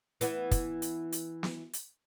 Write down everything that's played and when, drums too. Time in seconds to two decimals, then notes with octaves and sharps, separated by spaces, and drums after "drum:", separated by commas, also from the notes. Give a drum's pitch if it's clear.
0.21 E3 B3, drum: hi-hat
0.51 drum: kick, hi-hat
0.82 drum: hi-hat
1.12 drum: hi-hat
1.43 drum: snare
1.73 drum: hi-hat